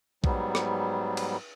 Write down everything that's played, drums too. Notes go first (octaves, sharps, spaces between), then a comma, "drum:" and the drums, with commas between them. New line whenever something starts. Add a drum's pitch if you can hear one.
G#2 F#3 G3 B3, drum: kick A#1
drum: rim click
drum: cymbal